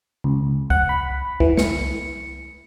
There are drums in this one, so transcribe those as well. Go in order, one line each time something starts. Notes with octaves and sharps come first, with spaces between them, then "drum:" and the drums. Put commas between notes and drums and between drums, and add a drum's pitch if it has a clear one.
C#2
F#5, drum: kick C2
B5
E3, drum: kick C2
C#7, drum: snare